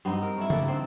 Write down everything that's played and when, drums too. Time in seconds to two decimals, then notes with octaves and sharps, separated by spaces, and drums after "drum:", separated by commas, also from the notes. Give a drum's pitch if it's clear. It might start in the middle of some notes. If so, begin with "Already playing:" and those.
0.05 G2 B3 C4 D#4
0.22 A#4
0.38 A3 E4
0.50 A#3 A4 B4, drum: tom C#3
0.68 C4 D4 D#4